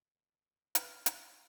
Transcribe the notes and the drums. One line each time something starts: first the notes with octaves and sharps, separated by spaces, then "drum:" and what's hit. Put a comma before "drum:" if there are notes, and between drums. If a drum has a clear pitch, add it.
B4 G5 B5 F6, drum: hi-hat
drum: hi-hat